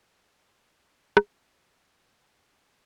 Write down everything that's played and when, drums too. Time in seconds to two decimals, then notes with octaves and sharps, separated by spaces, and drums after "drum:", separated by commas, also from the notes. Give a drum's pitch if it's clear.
0.11 G#4
0.33 D#3
0.56 C#5
0.73 A3
1.17 drum: rim click
1.44 G#3
1.57 E3
2.16 D#3
2.35 F5